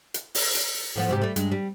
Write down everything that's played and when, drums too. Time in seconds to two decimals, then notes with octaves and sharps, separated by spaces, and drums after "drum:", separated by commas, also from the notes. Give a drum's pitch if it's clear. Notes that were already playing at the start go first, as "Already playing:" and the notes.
0.14 drum: hi-hat
0.35 drum: open hi-hat
0.55 drum: hi-hat
0.96 A2 F3 B3
1.09 G#2 C3 G4
1.22 G3 A3
1.36 G2 G#3, drum: hi-hat
1.52 G3